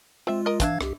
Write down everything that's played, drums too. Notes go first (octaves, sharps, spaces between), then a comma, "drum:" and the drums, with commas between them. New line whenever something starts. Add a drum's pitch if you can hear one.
G#3 C4 F4 E5
A#4 D#5
E3 C4 D4 E5 F5 G#6, drum: kick, hi-hat
C2 G4, drum: rim click